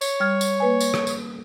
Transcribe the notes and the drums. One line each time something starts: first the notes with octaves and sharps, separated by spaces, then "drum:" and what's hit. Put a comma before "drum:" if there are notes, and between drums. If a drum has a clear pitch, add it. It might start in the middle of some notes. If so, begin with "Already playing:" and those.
C#5, drum: tambourine
G3 F6 G#6
drum: tambourine
A#3 B4 G#5
drum: tambourine
drum: rim click
drum: tambourine